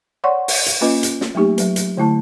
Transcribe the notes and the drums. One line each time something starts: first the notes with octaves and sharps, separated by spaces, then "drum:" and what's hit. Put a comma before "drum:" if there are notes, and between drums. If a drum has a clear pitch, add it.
C#5 D5 F#5 C6 C#6
drum: open hi-hat
drum: hi-hat
A#3 C#4 F4 B4 D#5
drum: hi-hat
drum: snare
F#3 A3 A#3 D#4 G4
F#3 B4, drum: hi-hat
drum: hi-hat
D3 A3 E4 A5